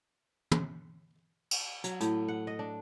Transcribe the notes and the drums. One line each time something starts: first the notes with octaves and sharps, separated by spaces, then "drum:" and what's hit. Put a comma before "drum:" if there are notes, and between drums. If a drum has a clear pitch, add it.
drum: tom
drum: cymbal
F#3, drum: hi-hat
A2, drum: hi-hat
F#5
D#5
D4